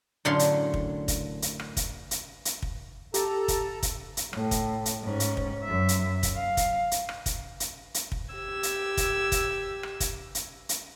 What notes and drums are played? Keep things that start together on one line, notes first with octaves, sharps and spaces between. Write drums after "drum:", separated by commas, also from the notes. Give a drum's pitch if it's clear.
F#2 A2 D3 F5 C6
drum: hi-hat
drum: kick
drum: kick, hi-hat
drum: hi-hat
drum: rim click
drum: kick, hi-hat
drum: hi-hat
drum: hi-hat
drum: kick
G4 A4 A5 A#5, drum: hi-hat
drum: kick, hi-hat
drum: kick, hi-hat
drum: hi-hat
A2, drum: rim click
drum: kick, hi-hat
drum: hi-hat
G#2 C#4
drum: hi-hat
drum: kick
F#2 E5
drum: hi-hat
drum: kick, hi-hat
F5
drum: kick, hi-hat
drum: hi-hat
drum: rim click
drum: kick, hi-hat
drum: hi-hat
drum: hi-hat
drum: kick
G4 E6 G#6
drum: hi-hat
drum: kick, hi-hat
drum: kick, hi-hat
drum: rim click
drum: kick, hi-hat
drum: hi-hat
drum: hi-hat